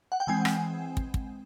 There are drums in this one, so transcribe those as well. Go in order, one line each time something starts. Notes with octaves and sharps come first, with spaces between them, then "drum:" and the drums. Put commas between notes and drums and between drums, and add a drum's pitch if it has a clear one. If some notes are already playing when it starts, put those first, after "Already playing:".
F#5
G5
E3 G#3 C4 G#5
drum: rim click
drum: kick
drum: kick